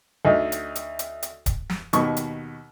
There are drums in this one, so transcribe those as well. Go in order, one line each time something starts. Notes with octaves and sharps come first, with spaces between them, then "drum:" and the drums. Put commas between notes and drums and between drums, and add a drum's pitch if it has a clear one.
D2 D#4
drum: hi-hat
drum: hi-hat
drum: hi-hat
drum: hi-hat
drum: kick D1, hi-hat
drum: snare
D#2 B2 C#6, drum: hi-hat
drum: hi-hat